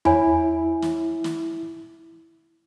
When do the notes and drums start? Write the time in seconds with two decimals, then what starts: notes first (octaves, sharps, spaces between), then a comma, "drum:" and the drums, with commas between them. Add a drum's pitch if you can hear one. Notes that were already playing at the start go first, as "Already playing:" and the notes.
0.05 E4 C#5 G#5 B5, drum: tom E2
0.82 drum: snare
1.24 drum: snare